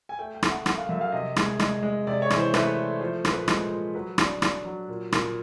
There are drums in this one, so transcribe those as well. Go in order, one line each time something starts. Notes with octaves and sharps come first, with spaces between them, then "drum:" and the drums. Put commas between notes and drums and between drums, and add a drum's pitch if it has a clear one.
G#5
A3 G5
G5
A3, drum: rim click
F#5
F#2 F#5, drum: rim click
F5
F#2 E5
F5
C3 D#5
G#3, drum: rim click
G#3, drum: rim click
G#3
C3 D5
C#5
E3, drum: rim click
C5
A3 B4, drum: rim click
A3
F3 C5
A#2, drum: rim click
B4
G#3, drum: rim click
A#2
F#3 B4
D4, drum: rim click
D4, drum: rim click
F#3
A#2
A#2, drum: rim click